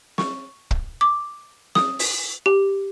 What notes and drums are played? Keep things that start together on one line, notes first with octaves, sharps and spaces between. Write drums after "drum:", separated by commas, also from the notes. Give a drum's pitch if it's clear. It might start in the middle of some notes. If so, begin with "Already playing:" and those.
C#6, drum: snare
drum: kick
D6
D#6, drum: snare
drum: open hi-hat
G4